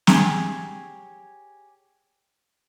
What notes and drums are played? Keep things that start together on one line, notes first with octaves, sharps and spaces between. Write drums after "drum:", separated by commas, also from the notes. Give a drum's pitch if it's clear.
G4 G#4 C#5, drum: snare